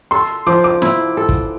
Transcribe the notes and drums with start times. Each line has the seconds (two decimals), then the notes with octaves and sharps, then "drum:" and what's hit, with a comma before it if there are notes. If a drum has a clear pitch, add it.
0.11 A4 C6
0.46 F3 D6
0.64 D6
0.82 E4, drum: snare E4
1.17 A4
1.29 drum: kick